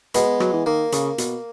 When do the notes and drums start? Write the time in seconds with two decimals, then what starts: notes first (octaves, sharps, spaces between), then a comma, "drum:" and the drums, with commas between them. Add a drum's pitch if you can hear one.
0.14 B2 G#3 B3, drum: hi-hat
0.40 F#3, drum: rim click
0.53 E3
0.66 D#3 A#3
0.92 C#3, drum: hi-hat
1.18 B2, drum: hi-hat